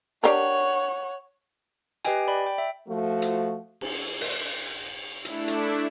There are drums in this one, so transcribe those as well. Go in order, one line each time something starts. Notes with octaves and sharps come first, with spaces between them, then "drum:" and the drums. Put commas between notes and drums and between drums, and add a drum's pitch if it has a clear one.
D4 G4 A#4 C#5 F#5
G4 B4 D#5 G5 G#5, drum: hi-hat
D5 B5
G5
E5
F3 A3 F#4
drum: hi-hat
drum: cymbal
drum: open hi-hat
A3 D4 E4, drum: hi-hat
drum: hi-hat